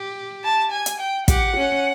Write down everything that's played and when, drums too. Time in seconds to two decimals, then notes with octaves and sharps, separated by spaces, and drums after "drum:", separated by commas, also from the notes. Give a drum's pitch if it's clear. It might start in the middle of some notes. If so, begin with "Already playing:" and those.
Already playing: G4
0.44 A5
0.71 G#5
0.86 drum: hi-hat
0.99 G5
1.28 G4 F#5, drum: kick, hi-hat
1.57 C#4